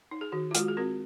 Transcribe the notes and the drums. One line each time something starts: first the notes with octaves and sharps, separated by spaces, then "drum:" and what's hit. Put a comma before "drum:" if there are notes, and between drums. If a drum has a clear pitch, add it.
D#4
G#4
D#3 F#4
F4
G#3 F#4, drum: hi-hat
G#4
C4 F#4 A#4